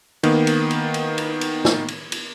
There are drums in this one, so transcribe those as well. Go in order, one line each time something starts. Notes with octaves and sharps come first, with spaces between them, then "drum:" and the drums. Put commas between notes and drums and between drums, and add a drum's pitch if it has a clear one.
D#3 A#3 B3, drum: cymbal
drum: cymbal
drum: cymbal
drum: cymbal
drum: cymbal
drum: cymbal
drum: snare
drum: cymbal
drum: cymbal